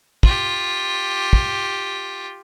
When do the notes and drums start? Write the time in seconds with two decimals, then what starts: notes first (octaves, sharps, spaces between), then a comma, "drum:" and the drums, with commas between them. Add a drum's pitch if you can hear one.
0.23 F4 G4, drum: kick
1.33 drum: kick